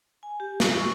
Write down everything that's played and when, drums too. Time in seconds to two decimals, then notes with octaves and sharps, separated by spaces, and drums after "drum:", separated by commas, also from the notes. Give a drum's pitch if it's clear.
0.23 G#5
0.40 G4
0.60 C#6, drum: snare
0.76 E6